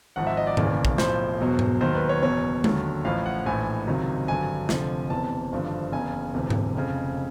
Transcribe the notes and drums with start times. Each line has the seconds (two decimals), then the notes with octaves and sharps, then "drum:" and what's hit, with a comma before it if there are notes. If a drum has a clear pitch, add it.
0.16 G#1 G#2 F3 F#5
0.27 E5
0.37 D#5
0.47 D5
0.57 E1 D#2 C#3 E3, drum: tom G#2
0.85 drum: kick
0.98 B1 A2 F3 C5, drum: snare
1.40 E1 E2 B2 F#3
1.59 drum: tom G#2
1.81 D#2 D#3 F#3 C5
1.95 B4
2.09 C#5
2.23 F#1 E2 B2 C#5
2.64 D#2 D3 F#3, drum: tom G#3
3.05 A1 A2 F3 F5
3.26 F#5
3.46 A#1 A2 E3 G#5
3.87 C#2 C3 D#3 F#3
4.28 G#1 G2 D3 F#3 G#5
4.69 F1 F2 D3 F3, drum: snare
5.10 F#1 E2 C3 E3 A5
5.52 G#1 G2 D3 F3
5.92 F#1 E2 C#3 G#5
6.34 E1 D2 C3 E3
6.50 drum: tom G#2
6.75 F1 F2 C#3